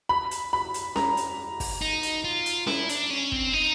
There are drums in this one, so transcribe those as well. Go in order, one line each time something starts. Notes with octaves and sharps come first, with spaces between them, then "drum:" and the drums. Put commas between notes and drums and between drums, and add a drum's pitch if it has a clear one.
B5
drum: hi-hat
B5
drum: hi-hat
A#5, drum: snare C#4
drum: hi-hat
drum: kick, open hi-hat
D#4
drum: hi-hat
F4
drum: hi-hat
E4, drum: snare C#4
D4, drum: hi-hat
C#4
C4, drum: kick
D#4